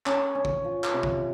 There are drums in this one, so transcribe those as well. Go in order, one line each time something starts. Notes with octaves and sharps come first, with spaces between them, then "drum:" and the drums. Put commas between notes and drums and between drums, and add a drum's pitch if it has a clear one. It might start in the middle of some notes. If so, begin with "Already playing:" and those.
C#4, drum: clap
C#4
drum: kick
F3
drum: clap
C3
drum: kick